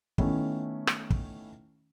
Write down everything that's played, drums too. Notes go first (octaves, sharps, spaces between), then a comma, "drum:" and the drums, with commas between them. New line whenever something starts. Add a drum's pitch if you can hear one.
D#3 A3 B3 C#4 E4, drum: kick
drum: rim click
drum: kick